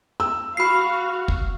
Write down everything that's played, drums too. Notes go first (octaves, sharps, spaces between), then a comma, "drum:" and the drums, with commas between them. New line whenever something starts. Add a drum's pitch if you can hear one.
E6
F#4 F5 B5 C7
drum: kick